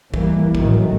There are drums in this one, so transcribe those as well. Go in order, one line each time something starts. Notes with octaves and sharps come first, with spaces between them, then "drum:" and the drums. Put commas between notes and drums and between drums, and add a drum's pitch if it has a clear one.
E3 G3 A#3, drum: kick
A1 A2 D#3 F#3 G#3 A3, drum: kick